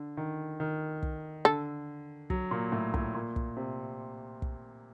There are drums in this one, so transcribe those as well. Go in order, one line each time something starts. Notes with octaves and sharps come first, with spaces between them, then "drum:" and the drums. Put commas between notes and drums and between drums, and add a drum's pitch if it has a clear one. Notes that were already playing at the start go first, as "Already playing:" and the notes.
Already playing: D3
D#3
D#3
drum: kick
D3 A4
F#3, drum: kick
A#2
A2
A2, drum: kick
A#2
drum: kick
C3
drum: kick